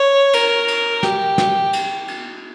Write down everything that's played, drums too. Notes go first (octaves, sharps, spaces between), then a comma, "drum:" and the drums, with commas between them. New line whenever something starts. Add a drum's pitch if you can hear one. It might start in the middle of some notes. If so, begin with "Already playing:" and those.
Already playing: C#5
A#4, drum: cymbal
drum: cymbal
G4, drum: snare
drum: snare
drum: cymbal
drum: cymbal